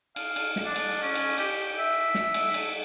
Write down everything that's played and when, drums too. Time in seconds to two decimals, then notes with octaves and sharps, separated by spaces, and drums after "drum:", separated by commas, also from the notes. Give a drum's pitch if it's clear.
0.16 F5, drum: cymbal
0.36 drum: cymbal
0.56 drum: snare
0.66 D4
0.76 drum: cymbal
1.02 C#4
1.15 drum: cymbal
1.38 G4, drum: cymbal
1.79 E5
2.15 drum: snare
2.34 drum: cymbal
2.54 drum: cymbal